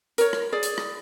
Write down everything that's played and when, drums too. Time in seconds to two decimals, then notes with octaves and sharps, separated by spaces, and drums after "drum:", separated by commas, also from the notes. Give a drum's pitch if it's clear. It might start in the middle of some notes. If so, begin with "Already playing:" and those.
0.18 A#4 C#5, drum: hi-hat
0.33 drum: rim click
0.52 G#4 D5
0.63 drum: hi-hat
0.78 drum: rim click